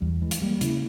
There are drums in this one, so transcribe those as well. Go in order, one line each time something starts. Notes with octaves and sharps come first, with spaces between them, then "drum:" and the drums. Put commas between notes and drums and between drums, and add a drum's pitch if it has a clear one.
E2 G3
E3 G#3
drum: hi-hat
G3 A#3
C#3 E4, drum: hi-hat